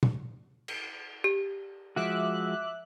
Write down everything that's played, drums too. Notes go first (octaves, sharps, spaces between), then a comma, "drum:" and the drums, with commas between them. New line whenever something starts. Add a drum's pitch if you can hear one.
drum: tom A#2
drum: cymbal
G4
F3 G#3 F#4 E5 D6 F#6